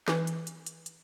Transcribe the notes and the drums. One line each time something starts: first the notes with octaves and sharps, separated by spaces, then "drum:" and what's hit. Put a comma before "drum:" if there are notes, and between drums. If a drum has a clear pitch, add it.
E3, drum: snare
drum: hi-hat
drum: hi-hat
drum: hi-hat
drum: hi-hat